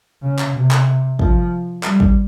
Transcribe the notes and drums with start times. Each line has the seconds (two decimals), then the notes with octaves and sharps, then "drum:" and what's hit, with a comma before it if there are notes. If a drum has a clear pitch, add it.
0.23 C#3
0.39 drum: clap
0.55 C3
0.71 drum: clap
1.19 F3, drum: kick
1.83 G3, drum: clap
2.00 drum: kick